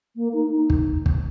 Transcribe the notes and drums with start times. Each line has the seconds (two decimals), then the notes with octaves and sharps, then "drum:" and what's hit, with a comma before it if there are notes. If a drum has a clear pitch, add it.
0.16 A#3
0.33 D#4
0.51 D#4
0.70 drum: kick
1.06 drum: kick